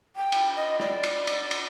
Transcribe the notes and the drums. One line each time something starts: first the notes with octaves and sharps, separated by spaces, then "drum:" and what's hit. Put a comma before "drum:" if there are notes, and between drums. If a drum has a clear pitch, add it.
G5
drum: cymbal
D#5
D5, drum: rim click
drum: cymbal
drum: cymbal
drum: cymbal